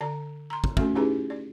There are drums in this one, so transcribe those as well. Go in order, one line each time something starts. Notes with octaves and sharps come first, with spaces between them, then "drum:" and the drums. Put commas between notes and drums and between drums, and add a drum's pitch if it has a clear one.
D3 D5 A#5
A#5 C6
drum: kick
A3 C#4 F#4 A4, drum: kick
C#4 D#4 E4 G4 G#4 B4
D5